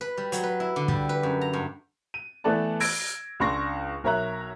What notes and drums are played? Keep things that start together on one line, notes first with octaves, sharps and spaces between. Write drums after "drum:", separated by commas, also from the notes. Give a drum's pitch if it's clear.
B4
G3
F#3, drum: hi-hat
B4
E4
D3
G3, drum: kick
B4
F#2
A#5
G2
D#7
E3 A3 B3 A4 D5 A5
E6 G#6 A#6 D7, drum: open hi-hat
C#2 D4 C6 C#6 A#6
B1 A#4 C#5 E5 A#5 F#6